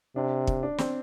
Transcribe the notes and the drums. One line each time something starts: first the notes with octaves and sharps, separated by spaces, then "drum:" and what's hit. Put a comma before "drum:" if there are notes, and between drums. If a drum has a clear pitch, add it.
C3 D4
drum: kick
D4
C4, drum: snare